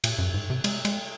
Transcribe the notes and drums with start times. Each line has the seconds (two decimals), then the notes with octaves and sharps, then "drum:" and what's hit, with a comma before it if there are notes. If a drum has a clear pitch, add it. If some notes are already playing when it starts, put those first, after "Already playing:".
0.04 A#2, drum: cymbal
0.19 F#2
0.34 G#2
0.50 C3
0.64 G#3, drum: cymbal
0.85 G#3, drum: cymbal